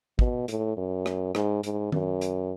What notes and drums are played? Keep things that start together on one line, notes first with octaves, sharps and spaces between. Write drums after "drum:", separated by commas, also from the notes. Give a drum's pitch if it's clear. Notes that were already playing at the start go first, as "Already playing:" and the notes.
B2, drum: kick
A2, drum: hi-hat
F#2
drum: rim click
G#2, drum: rim click
G#2, drum: hi-hat
F#2, drum: tom D#3
drum: hi-hat